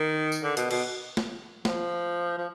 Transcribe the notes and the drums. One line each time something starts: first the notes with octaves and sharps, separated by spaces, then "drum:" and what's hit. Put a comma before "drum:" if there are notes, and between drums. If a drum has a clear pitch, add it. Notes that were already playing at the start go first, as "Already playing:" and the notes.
Already playing: D#3
drum: tambourine
D3
B2, drum: hi-hat
B2, drum: cymbal
drum: snare
F3, drum: snare
F3